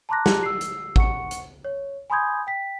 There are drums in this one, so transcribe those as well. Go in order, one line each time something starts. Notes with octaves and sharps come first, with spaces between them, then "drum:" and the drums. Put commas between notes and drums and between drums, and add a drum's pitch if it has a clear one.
A5 A#5 C6 D6 F#6 A#6
drum: snare
E6 C7
drum: hi-hat
F#5 C#6 C#7, drum: kick G#1
drum: hi-hat
C#5
G#5 B5 C6 D#6 G6 G#6
G5 B6